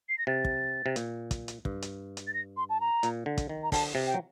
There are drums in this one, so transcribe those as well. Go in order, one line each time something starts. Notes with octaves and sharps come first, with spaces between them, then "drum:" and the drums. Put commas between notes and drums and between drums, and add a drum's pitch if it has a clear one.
C7
A#6
C3 A6
drum: kick
C3
A#2, drum: hi-hat
drum: kick, hi-hat
drum: hi-hat
G2, drum: kick
drum: hi-hat
drum: hi-hat
A6
A#6
C6
A5
A#5
A#2, drum: hi-hat
D3
drum: kick, hi-hat
D#3
A#5
D3 A5, drum: kick, open hi-hat
C3
G5
F#3